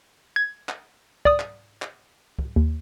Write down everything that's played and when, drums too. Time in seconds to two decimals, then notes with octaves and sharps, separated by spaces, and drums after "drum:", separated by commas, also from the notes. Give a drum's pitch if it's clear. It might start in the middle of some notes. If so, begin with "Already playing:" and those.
0.36 G#6
0.69 drum: clap
1.25 D5 D#6, drum: kick
1.40 drum: clap
1.82 drum: clap
2.39 drum: kick
2.56 D#2